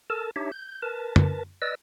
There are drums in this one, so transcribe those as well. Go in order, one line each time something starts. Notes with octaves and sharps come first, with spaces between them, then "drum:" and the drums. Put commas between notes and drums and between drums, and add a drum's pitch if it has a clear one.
A4 A#4 A5
D4 D#4 G4 C#5 E5
G6
A#4 B4 A5
drum: tom
B4 D5 D#5 E6